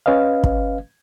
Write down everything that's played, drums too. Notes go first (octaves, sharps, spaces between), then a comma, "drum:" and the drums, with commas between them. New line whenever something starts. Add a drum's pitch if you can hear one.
C#4 B4 D#5 F5
drum: kick